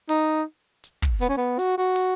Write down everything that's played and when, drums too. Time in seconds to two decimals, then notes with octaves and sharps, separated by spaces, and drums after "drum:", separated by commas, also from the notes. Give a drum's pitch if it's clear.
0.09 D#4, drum: open hi-hat
0.84 drum: hi-hat
1.02 drum: kick
1.21 B3, drum: hi-hat
1.29 C#4
1.37 B3
1.59 F#4, drum: hi-hat
1.77 F#4
1.96 drum: open hi-hat